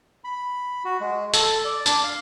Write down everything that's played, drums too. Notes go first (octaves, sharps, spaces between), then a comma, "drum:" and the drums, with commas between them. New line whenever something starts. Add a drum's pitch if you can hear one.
B5
F#4
G#3
A4, drum: tambourine
D5
D4, drum: tambourine
F5